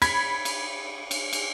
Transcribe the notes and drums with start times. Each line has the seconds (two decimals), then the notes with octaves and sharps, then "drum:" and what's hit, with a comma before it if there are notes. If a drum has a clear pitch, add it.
0.02 B5 G#6 B6, drum: cymbal
0.45 drum: cymbal
1.11 drum: cymbal
1.33 drum: cymbal